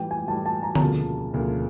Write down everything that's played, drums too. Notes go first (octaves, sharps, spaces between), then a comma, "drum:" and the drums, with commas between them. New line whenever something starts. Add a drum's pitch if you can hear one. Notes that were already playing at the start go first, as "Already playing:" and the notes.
Already playing: A2 E3 G3 G5
G#5
A2 E3 G3 A5
A5
A#5
A#5, drum: tom D3
E1 D2 C#3 F3 A#3 A5
E1 D2 C#3 F3 A#3